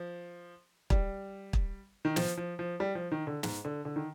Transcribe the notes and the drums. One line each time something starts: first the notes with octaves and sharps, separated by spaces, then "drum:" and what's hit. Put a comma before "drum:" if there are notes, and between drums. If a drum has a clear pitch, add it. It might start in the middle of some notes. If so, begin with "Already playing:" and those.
Already playing: F3
G3, drum: kick
drum: kick
D#3
F3, drum: snare
F3
F3
G3
F3
D#3
D3
G#2, drum: snare
D3
D3
D#3